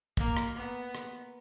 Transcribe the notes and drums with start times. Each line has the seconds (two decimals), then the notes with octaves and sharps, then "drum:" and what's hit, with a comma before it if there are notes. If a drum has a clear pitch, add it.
0.17 A#3, drum: kick
0.37 drum: rim click
0.56 B3
0.95 drum: rim click